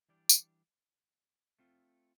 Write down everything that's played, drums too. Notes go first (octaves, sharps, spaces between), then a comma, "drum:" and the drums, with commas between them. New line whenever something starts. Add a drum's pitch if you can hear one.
E3 G3 D4 G4 D5
drum: tambourine
A3 C4 F4